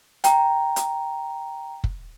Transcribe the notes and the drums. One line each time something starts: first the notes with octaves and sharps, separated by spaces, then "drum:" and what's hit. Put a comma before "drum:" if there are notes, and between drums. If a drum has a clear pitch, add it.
G5 A#5, drum: hi-hat
drum: hi-hat
drum: kick